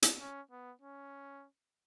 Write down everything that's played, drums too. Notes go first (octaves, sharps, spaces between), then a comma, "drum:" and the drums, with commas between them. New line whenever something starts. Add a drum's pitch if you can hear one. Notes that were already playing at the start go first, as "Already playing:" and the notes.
drum: hi-hat
C#4
B3
C#4